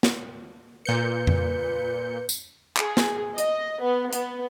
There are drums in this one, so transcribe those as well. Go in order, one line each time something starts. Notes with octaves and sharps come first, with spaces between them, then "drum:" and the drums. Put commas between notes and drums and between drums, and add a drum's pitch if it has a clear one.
drum: snare
A#2 B4 G6 C#7
drum: tom F2
drum: tambourine
G#4, drum: clap
drum: snare
D#5, drum: hi-hat
B3
B3, drum: hi-hat